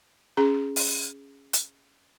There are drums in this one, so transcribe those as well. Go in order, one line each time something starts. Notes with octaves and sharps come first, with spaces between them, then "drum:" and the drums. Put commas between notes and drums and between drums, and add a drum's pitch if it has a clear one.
C#4 G#4 A#5
drum: open hi-hat
drum: hi-hat